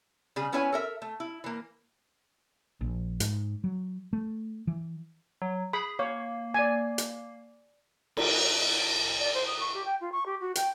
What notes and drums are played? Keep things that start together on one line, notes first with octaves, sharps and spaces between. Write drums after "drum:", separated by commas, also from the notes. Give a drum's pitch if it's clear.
C#3 G3 G#4
B3 C#4 E4 B4 C#5 G#5
A4 A#4 E5
A3
E4
E3 A#3
A#1
G#2, drum: hi-hat
F#3
A3
E3
F#3
G#4 B5
A#3 C#5
D5 G#5
drum: hi-hat
drum: cymbal
D5
C5
D#6
C#6
G4
G5
F4
C#6
G4
F#4
G5, drum: hi-hat